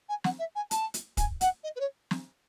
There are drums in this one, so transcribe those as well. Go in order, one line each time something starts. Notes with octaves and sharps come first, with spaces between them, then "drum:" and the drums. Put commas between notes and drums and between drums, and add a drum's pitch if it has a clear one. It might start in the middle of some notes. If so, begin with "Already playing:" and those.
G#5
F#5, drum: snare
E5
G#5
A5, drum: hi-hat
drum: hi-hat
G#5, drum: kick, hi-hat
F#5, drum: hi-hat
D#5
B4
C#5
drum: snare